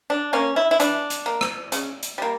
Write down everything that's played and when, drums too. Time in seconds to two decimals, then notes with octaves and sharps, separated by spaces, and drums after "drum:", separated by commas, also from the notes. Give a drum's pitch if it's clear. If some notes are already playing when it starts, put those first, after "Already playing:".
0.10 D4
0.33 A#3 C#4
0.56 E4
0.71 E4
0.80 E3 D4, drum: hi-hat
1.10 drum: hi-hat
1.26 A#3
1.41 drum: rim click
1.72 C#3, drum: hi-hat
2.03 drum: hi-hat
2.18 G3 A#3